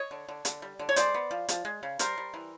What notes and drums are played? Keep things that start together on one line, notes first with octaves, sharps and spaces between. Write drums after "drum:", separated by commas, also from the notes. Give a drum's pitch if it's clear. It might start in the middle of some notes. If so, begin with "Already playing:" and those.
Already playing: C#5 D#5
D3
D3
D3, drum: hi-hat
G3
D3
C#5
G#3 C5 D5, drum: hi-hat
B3
F3
F3, drum: hi-hat
G#3
C#3
G3 A#4 C5, drum: hi-hat
G3
E3